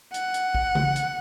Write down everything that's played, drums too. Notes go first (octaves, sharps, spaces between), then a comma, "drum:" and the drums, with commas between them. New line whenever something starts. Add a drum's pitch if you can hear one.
F#5, drum: hi-hat
drum: hi-hat
drum: kick
drum: tom C#3
drum: hi-hat